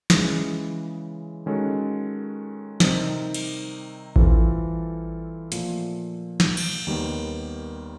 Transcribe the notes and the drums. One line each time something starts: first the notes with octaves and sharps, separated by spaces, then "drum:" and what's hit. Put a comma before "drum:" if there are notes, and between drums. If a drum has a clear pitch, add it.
C#3 E3 G#3, drum: snare
D#3 G#3 C#4 F#4 A4
C3 D#3 G3 C4 D#4, drum: snare
drum: cymbal
E3 G3 C4 F4 A4, drum: kick A1
A#2 F3 A3, drum: hi-hat
drum: snare
drum: cymbal
D#2 D#3 G3 B3